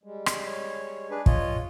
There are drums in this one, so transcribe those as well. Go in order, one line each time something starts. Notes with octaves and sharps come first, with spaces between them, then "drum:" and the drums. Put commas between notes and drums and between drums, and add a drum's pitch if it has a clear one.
G3 G#3
drum: rim click
C#5
D4 G#4 B4
F4 C#5 D#5, drum: kick